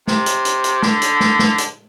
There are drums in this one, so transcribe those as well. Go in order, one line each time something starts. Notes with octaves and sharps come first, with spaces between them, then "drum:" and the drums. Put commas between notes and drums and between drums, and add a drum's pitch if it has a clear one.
C3, drum: snare
drum: hi-hat
drum: hi-hat
drum: hi-hat
D3, drum: snare
drum: hi-hat
drum: snare
drum: snare
drum: hi-hat